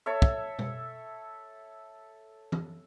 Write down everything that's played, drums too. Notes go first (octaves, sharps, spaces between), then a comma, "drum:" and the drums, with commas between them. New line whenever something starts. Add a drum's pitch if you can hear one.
A4 C#5 E5
drum: kick
drum: tom B2
drum: tom